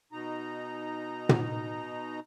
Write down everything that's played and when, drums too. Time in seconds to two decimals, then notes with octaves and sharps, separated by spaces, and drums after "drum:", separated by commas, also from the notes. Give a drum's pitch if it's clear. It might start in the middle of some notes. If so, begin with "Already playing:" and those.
0.12 B2 D#4 A#5
1.29 drum: tom